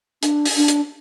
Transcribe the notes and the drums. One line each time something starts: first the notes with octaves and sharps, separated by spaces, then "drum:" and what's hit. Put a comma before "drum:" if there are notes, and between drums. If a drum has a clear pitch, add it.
D4, drum: hi-hat
drum: open hi-hat
D4
drum: hi-hat